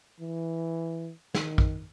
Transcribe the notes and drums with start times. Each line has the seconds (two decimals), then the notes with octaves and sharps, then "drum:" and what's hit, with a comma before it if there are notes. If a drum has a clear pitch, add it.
0.20 E3
1.34 D#3, drum: snare
1.58 drum: kick A#1